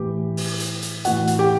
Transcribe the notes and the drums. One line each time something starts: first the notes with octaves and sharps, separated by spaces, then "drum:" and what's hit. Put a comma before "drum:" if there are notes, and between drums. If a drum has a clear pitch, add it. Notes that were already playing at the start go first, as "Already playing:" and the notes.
Already playing: A2 E3 G4
drum: open hi-hat
drum: hi-hat
drum: hi-hat
A2 E3 F#4 F#5, drum: hi-hat
drum: hi-hat
G4 G5